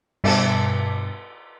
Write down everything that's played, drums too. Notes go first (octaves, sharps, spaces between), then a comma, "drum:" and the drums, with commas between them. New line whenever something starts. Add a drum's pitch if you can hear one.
G2 B2 A5, drum: cymbal